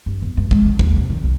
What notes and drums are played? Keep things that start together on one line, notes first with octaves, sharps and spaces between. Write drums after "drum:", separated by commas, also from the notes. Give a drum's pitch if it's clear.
G2
E2
G2
G#3, drum: kick
C#3
D#2, drum: kick
C3
D#3
C2